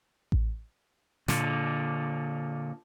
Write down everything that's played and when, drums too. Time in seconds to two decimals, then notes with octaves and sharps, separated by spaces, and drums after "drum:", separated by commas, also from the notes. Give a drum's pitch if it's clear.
0.32 drum: kick A1
1.28 A#2 D3, drum: snare